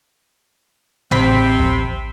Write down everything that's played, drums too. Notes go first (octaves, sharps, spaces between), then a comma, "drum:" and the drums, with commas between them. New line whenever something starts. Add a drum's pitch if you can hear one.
A1 C3 C4 B5 B6, drum: tom
drum: kick